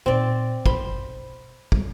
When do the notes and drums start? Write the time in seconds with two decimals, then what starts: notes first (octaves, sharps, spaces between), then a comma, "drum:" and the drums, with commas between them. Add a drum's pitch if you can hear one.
0.06 A#2 C4 D#4 D5
0.66 B1 C5 B5, drum: kick
1.72 E2 G3, drum: kick